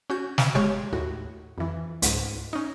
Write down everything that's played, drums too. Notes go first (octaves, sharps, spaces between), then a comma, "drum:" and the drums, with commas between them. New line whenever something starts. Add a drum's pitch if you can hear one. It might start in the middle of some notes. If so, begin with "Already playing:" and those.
C#4 F#4 G6
drum: snare
G1 G#3 G4 C#5 C#6
D#2 A2 F#4
F2 E3
C#2 G#2, drum: hi-hat
C#4 D#4